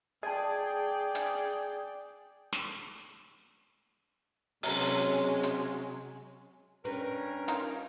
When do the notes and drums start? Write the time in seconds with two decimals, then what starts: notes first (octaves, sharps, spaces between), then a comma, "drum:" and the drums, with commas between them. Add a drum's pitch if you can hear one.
0.23 G#4 D5 D#5 G5 A5
1.15 drum: hi-hat
2.53 drum: snare
4.63 C3 F#3 G#3 C#4, drum: open hi-hat
4.81 drum: open hi-hat
5.43 drum: hi-hat
6.85 G2 C#4 A#4 B4
7.48 D#4 F4, drum: hi-hat